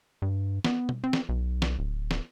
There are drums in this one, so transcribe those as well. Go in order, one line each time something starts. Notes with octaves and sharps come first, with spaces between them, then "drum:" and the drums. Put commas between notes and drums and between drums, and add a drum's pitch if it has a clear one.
G2
B3, drum: snare
drum: tom B2
C4
drum: snare
B1
drum: snare
D1
drum: snare